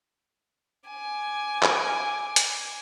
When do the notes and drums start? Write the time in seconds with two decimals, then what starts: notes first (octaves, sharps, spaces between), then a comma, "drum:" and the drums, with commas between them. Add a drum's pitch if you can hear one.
0.89 G#5 D6
1.62 drum: clap
2.36 drum: hi-hat